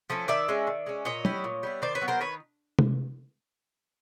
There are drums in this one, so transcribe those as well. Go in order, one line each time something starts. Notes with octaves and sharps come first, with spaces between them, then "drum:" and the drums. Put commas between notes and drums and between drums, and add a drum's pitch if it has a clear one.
F3 A3 C#4
D#3 D5 E5
G#3 C#4
D#3
G#3 C#4
A#2 C#5 D#5
G3 B3 E4, drum: tom
A#2
G3 B3 E4
D#3 C5 D5
B4 C#5
F#3 B3
A#4 C5
D#3 B4 C#5
drum: tom C3